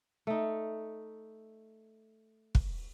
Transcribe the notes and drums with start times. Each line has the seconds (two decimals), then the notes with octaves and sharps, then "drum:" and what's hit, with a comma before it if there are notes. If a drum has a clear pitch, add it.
0.27 A3 D#4
2.55 drum: kick